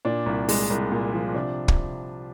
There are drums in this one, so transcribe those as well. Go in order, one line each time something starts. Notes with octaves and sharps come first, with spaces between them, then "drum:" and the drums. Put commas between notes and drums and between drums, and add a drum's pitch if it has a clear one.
A#2 D4
C2
G#3, drum: open hi-hat
C2
A#2
F3
C3 D4
drum: kick